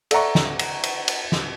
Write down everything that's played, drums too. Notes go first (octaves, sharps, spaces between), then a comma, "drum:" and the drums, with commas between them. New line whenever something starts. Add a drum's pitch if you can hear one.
A4 D5 E5 F#5 A#5 C#6, drum: cymbal
drum: snare
drum: cymbal
drum: cymbal
drum: cymbal
drum: snare